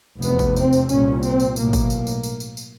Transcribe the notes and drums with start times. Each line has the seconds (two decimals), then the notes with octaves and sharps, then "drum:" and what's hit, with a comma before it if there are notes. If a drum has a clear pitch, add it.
0.22 F1 E2 C3 B3, drum: tambourine
0.39 drum: kick, tambourine
0.56 C4, drum: tambourine
0.73 drum: tambourine
0.89 C2 A#2 C#4, drum: tambourine
1.23 C4, drum: tambourine
1.40 drum: tambourine
1.56 B1 A2 A#3, drum: tambourine
1.73 drum: kick, tambourine
1.90 drum: tambourine
2.07 drum: tambourine
2.23 drum: tambourine
2.40 drum: tambourine
2.57 drum: tambourine